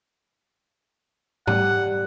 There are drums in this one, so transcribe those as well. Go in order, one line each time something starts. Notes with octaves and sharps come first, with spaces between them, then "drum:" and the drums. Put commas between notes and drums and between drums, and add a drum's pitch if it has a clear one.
G3 D5 F#5, drum: tom G#2